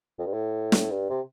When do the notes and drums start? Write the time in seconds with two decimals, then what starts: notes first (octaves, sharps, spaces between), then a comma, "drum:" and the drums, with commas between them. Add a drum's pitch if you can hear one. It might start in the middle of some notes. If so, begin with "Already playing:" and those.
0.19 F2
0.26 G2
0.33 A2
0.72 drum: snare
0.92 G2
1.09 C3